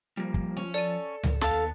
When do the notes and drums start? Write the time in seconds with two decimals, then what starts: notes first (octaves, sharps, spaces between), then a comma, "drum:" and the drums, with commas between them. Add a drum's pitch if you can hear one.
0.17 F3 G3 A#3
0.34 drum: kick
0.57 C#4
0.74 A4 D5 D#7
1.23 drum: tom C#2
1.41 D#2 B3 A4 F5 A5, drum: snare